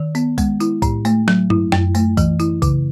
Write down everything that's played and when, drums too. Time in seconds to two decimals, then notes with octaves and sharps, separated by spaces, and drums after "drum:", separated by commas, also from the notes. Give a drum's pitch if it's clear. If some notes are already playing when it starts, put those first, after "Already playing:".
Already playing: D#3
0.15 B3, drum: tambourine
0.38 G#3, drum: kick B1, tambourine
0.60 E4, drum: tambourine
0.82 A2, drum: kick B1, tambourine
1.05 A3, drum: tambourine
1.28 F#3, drum: snare
1.50 E4, drum: tom G2
1.72 F#2, drum: snare
1.95 A3, drum: tambourine
2.17 E3, drum: kick B1, tambourine
2.40 E4, drum: tambourine
2.62 C#3, drum: kick B1, tambourine